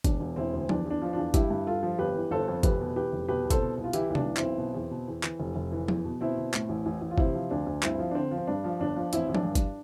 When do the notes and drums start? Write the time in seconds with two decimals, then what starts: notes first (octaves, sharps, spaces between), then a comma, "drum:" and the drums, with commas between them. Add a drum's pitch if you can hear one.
0.04 E1 D4, drum: kick G1, hi-hat
0.20 E1
0.36 E1 C4 E4
0.53 D2
0.69 E2 D4, drum: tom F3
0.86 E2 D4
1.02 F3
1.13 E2 D4 F4
1.34 G2 E4 G4, drum: kick G1, hi-hat
1.50 G2
1.67 G2 F4 A4
1.83 F3
1.98 G1 G4 B4
2.15 E3
2.31 G1 A4 C5
2.48 F2
2.63 F1 G4 B4, drum: kick G1, hi-hat
2.81 B2
2.96 E2 G4 B4
3.12 F1
3.28 B2 G4 B4
3.45 C2
3.50 A4 C5, drum: kick G1, hi-hat
3.62 B2
3.78 C2
3.84 F4
3.93 E3 E4 G4, drum: hi-hat
4.10 B1
4.15 D4, drum: tom
4.26 E3
4.37 B1 C4 E4, drum: clap
4.58 B2
4.75 E2
4.91 B2
5.08 E2
5.24 E3, drum: clap
5.39 F1
5.56 F1
5.72 E3
5.88 E2, drum: tom F3
6.05 B2
6.21 B2 C4 E4
6.37 B2
6.54 A2, drum: clap
6.69 A1
6.86 A1
7.02 A1
7.11 F4
7.18 C3 C4 E4, drum: kick G1
7.35 F3
7.50 D2 D4
7.66 D2
7.83 G2 C4 E4, drum: clap
7.99 F3
8.11 D4
8.15 D3 C4
8.31 F3
8.38 C4
8.47 G2 D4
8.64 F3
8.80 G1 D4
8.96 F3
9.13 A1 C4 E4, drum: hi-hat
9.29 A1
9.35 D4, drum: tom F3
9.45 G2
9.55 D4, drum: kick G1, hi-hat